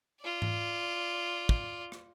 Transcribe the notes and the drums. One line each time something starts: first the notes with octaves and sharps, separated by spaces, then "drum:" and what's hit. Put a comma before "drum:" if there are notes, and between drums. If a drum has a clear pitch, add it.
F4 D5
drum: tom G#2
drum: kick
drum: rim click